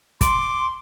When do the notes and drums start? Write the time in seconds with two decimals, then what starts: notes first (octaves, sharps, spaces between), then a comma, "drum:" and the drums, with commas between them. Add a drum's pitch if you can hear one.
0.21 C6 D6, drum: kick, hi-hat